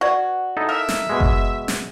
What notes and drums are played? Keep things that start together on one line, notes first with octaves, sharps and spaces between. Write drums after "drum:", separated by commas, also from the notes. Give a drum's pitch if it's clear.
F#4 B4 D5 F#5
D#4 E4 A4
A#4 E5 F5
drum: snare
B2 G#3
drum: kick F#1
drum: snare